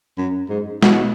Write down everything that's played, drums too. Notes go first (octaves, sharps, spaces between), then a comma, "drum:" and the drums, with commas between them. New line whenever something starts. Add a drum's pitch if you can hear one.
F#2
G#2
B2, drum: snare
B2